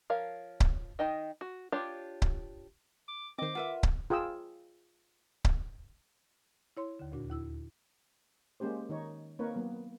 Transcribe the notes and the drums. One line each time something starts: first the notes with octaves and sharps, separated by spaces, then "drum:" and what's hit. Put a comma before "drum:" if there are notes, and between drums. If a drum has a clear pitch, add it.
F3 A#4 C#5 F5
drum: kick C#1
D#3 D#4 D#5 G5
F#4
D4 F4 G4 C#5
drum: kick C#1
D6
D#3 C4 C5 D#5 D6
F4 A#4 B4 E5 F#5
drum: kick C#1
F4 G#4 G5 D#6 E6
drum: kick C#1
E4 C#5 C6
D#2 D3
D2 A#2 D4 F#4
D#2 E4 E6
G#3 A#3 C#4 G4 C5
D#3 D#4 C#5
A#3 C4 D#4 A#4 B4 C#5
F#3 A#3 B3